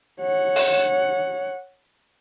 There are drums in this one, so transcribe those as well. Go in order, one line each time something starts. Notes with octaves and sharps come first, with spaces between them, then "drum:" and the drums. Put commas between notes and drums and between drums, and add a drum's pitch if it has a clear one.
C#5 F#5
drum: open hi-hat